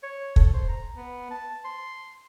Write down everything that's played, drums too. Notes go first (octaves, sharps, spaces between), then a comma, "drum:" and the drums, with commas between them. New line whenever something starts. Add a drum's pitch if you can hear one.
C#5
A4, drum: kick
C5
A#5
B3
A5
C6